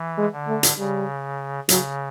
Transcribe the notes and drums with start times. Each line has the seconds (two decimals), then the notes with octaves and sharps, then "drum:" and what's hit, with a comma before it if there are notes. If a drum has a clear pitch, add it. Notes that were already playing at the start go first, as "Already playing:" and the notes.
Already playing: E3
0.18 G#3
0.32 D3
0.48 A3
0.63 drum: hi-hat
0.78 C#3 G3
1.69 C#3 F#3, drum: hi-hat